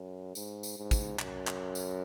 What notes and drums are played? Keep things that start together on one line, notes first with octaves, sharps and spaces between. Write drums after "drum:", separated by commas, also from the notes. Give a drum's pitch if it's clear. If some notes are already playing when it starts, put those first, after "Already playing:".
Already playing: F#2
G#2, drum: tambourine
drum: tambourine
G#2
drum: kick, tambourine
F#2, drum: clap
drum: clap
drum: tambourine